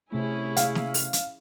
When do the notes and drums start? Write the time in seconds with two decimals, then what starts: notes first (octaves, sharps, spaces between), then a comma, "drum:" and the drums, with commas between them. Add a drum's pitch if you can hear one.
0.12 C3 A3 C#4 E4 G#4
0.56 F5, drum: hi-hat
0.75 drum: snare
0.94 drum: open hi-hat
1.13 drum: hi-hat